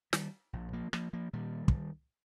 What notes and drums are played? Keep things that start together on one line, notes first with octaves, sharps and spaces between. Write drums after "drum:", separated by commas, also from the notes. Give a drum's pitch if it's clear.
D#3 G3, drum: snare
A#1 A#2
F3 A#3
F3 A#3, drum: rim click
F3 A#3
A#2 D#3 G3
drum: kick